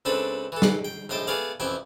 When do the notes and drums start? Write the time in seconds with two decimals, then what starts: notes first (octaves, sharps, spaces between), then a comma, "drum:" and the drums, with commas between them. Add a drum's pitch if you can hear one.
0.05 C#2 C4 D4 A4 B4
0.52 E3 A4
0.62 drum: snare
0.85 G5
1.09 A#1 A2 D#5 G5 A5
1.27 A3 B3 G#4 D5 F5
1.60 A1 F2 E4 G5